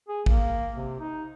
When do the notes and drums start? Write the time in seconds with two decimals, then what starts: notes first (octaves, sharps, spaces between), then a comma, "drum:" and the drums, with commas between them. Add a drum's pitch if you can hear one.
0.08 G#4
0.26 A#3, drum: kick
0.74 C3
1.00 D#4